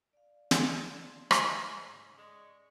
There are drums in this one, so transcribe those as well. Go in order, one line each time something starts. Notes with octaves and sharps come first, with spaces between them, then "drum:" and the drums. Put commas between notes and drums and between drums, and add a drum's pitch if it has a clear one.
D5 F5
drum: snare
A5 C6 E6 G#6
drum: rim click
G#4 E5 G#5
G#2 C#3
G#3 D5 D#5 C#6